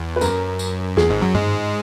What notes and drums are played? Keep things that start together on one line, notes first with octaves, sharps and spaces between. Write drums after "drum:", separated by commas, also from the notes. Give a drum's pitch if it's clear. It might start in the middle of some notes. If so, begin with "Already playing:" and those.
Already playing: E2
B4
F#2 A#4, drum: tambourine
drum: tambourine
E2 G#4, drum: snare
G#1 G#2
F#2 F#3
G#2 G#3, drum: tom G2